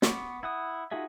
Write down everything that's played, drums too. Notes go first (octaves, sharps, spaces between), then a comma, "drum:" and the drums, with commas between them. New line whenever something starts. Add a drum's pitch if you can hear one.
B3 C#6 D6, drum: snare
E4 F#5 D#6
D#4 F4 F#4 G#4 E5